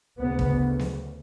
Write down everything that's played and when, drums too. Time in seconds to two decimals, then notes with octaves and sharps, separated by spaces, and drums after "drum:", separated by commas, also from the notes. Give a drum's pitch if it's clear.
0.18 D2 C#3 B3
0.39 drum: kick
0.79 drum: snare B3